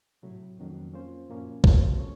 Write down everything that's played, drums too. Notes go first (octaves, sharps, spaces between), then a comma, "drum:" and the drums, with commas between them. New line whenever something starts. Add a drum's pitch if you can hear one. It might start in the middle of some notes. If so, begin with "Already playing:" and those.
A2 C3 F#3 A3
F2 D#3 F#3 A#3 C#4
A#3 C#4 F4 C5
F#2 A#2 F3 A#3 C#4
F#2 C3 F#3 A#3 F4 C5, drum: kick
C#4 A4 C#5